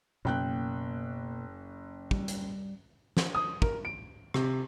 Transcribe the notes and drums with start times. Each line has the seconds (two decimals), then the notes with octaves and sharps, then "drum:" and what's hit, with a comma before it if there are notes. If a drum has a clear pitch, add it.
0.25 F#1 B2 A#3 G5 F#6
2.11 G3, drum: kick
2.28 drum: hi-hat
3.17 drum: snare
3.35 D#6
3.62 A#4, drum: kick
3.85 D7
4.34 C3, drum: rim click